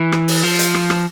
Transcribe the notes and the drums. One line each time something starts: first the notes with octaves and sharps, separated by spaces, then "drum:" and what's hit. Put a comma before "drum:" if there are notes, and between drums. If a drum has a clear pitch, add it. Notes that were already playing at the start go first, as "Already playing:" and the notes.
Already playing: E3
drum: rim click
drum: open hi-hat
F3
drum: hi-hat
drum: rim click
drum: rim click